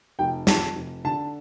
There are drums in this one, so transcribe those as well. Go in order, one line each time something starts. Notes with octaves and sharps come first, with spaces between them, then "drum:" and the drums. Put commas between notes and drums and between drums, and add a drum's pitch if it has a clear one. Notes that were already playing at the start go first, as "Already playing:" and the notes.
F1 G5
F2 A5, drum: snare
F1
D3 A5